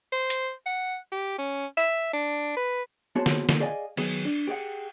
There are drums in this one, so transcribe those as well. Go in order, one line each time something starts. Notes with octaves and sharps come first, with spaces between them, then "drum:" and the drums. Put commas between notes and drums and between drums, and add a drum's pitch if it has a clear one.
C5
drum: hi-hat
F#5
G4
C#4
E5
D4
B4
B3 F#4 G#4 C5 C#5 A5
drum: snare
drum: snare
G#4 D5 D#5 F5 G#5
D#3 F#3 B3 G#4, drum: cymbal
D4
G4 G#4 D#5 F#5